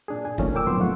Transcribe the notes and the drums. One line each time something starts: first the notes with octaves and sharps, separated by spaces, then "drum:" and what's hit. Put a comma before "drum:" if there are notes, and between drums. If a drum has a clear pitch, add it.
A#2 D4 G#4
G#5
D#3 F3 A3 A#3 C#4 D4, drum: kick
D2 A#2 A#4 G5 D6 E6
F2 G#2 B2 F#3 B3 C6
F2 A3 F4 F#5 C#6